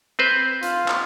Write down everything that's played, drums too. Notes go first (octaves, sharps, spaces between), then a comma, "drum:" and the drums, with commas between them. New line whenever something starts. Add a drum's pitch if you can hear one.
C4 B4 C5
F4, drum: hi-hat
drum: clap